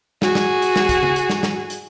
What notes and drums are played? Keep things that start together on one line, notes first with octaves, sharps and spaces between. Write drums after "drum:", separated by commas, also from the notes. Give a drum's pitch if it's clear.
F#4 G#4, drum: snare
drum: snare
drum: hi-hat
drum: snare
drum: kick, hi-hat
drum: tom C#3
drum: hi-hat
drum: snare
drum: snare
drum: hi-hat